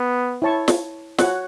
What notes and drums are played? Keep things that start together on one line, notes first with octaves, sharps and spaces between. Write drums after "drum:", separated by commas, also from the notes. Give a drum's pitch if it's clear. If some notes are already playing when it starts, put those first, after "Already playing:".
Already playing: B3
E4 C#5 A5 C#6
drum: snare
F#4 C#5 F#5, drum: snare